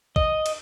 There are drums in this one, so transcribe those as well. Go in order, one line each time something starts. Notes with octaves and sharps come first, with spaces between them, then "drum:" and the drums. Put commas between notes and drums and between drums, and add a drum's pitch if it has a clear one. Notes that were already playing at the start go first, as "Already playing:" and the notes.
D#5, drum: kick
drum: cymbal